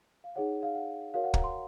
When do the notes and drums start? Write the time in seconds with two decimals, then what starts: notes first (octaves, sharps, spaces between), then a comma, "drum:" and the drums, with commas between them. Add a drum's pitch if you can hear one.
0.24 F5
0.36 D#4 G#4 C#5 F#5
0.63 F5
0.75 F#5
1.14 F#4 A#4 C#5 F5
1.24 F#5
1.34 A#5, drum: kick
1.44 C6